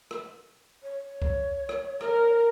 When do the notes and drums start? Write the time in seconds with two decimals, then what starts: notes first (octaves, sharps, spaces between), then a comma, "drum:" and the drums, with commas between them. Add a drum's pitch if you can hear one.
0.11 drum: rim click
0.83 C#5
1.22 drum: kick C2
1.69 drum: rim click
2.01 A#4, drum: rim click